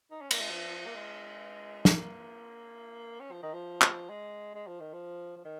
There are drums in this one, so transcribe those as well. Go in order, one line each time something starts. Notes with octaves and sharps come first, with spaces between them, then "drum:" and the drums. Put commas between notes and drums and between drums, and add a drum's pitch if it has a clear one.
D#4
C#4
A#3, drum: cymbal
G#3
F3
A#3
G#3
A#3, drum: snare
C#4
F3
D#3
F3
drum: clap
G#3
G#3
F3
D#3
F3
F3
D#3